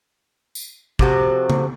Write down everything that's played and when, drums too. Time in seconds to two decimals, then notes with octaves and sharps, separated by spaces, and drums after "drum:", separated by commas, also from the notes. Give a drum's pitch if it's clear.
0.55 drum: tambourine
0.99 C3 F3 F#4 A4, drum: kick
1.50 drum: tom C#3